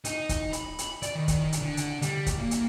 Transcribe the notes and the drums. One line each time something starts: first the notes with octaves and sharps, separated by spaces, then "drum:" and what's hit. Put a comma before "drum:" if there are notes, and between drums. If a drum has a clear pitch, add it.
D#4, drum: hi-hat
drum: kick, hi-hat
B5, drum: hi-hat
drum: hi-hat
D5, drum: hi-hat
D#3
drum: kick, hi-hat
drum: hi-hat
D3
drum: hi-hat
G3, drum: hi-hat
drum: kick, hi-hat
A#3
drum: hi-hat